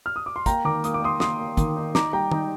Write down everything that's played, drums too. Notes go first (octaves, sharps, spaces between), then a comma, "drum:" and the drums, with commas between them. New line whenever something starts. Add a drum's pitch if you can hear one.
F6
D#6
D6
C6
A#3 G5 A#5, drum: kick, hi-hat
D#3 A#5 D6
A#3 D#6, drum: hi-hat
D6
A#3 C6 D#6
A#3 C6 D#6, drum: snare
A#3
D#3, drum: kick, hi-hat
D#4
D#4 A#5 D6, drum: snare
G3 G5 A#5
D#4 G5 A#5, drum: tom D#3